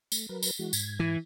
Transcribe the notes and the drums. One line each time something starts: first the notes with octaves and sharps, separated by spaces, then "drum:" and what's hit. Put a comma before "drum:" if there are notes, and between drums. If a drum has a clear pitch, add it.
A3, drum: tambourine
F#3 A#4 B4
drum: tambourine
E3 G#3 F#4
G#2 G#6, drum: tambourine
E3